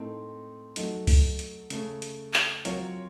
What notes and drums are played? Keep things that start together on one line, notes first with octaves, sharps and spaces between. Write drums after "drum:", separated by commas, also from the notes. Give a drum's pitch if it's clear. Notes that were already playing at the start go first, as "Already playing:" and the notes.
Already playing: A2 A3 C4 D#4 A#4
F#3 A3 D#4, drum: hi-hat
drum: kick C#2, open hi-hat
drum: hi-hat
C#3 A3 C#4, drum: hi-hat
drum: hi-hat
drum: clap
F#3 C4 F4 A#4 C#5, drum: hi-hat